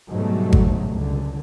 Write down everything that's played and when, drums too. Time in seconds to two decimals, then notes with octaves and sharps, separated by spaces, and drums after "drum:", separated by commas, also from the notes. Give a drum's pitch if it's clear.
0.11 G#2 B2 D3 F#3 G3 A3
0.53 drum: kick G#1
0.94 C#2 D3